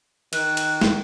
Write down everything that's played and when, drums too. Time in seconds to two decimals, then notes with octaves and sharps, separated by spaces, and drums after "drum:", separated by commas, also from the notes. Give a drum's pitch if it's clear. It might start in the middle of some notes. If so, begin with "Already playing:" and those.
0.33 D#3 F#6, drum: cymbal
0.57 drum: cymbal
0.81 drum: snare